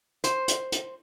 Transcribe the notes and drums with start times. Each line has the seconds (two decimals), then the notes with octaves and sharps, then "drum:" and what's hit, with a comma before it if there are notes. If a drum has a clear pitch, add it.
0.24 C5, drum: hi-hat
0.48 drum: hi-hat
0.72 drum: hi-hat